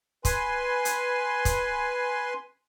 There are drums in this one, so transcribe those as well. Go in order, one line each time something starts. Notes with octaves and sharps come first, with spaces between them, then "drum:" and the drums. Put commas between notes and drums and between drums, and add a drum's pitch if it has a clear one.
B4 G#5 C6, drum: kick, hi-hat
drum: hi-hat
drum: kick, hi-hat